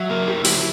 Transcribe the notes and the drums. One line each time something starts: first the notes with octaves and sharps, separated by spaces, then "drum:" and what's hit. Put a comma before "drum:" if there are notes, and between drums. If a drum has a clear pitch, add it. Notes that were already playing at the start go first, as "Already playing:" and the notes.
Already playing: F#3 E5
A#3 A#4
E4 G4
F#3 G4, drum: open hi-hat